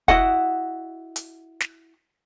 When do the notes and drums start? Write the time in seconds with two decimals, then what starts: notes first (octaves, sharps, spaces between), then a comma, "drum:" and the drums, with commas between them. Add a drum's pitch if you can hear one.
0.08 E4 F#4 D#5 F#5, drum: kick
1.16 drum: hi-hat
1.60 drum: snare